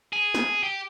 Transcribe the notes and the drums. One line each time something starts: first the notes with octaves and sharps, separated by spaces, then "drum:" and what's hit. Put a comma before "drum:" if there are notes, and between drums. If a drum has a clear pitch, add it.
G#4
drum: snare
G4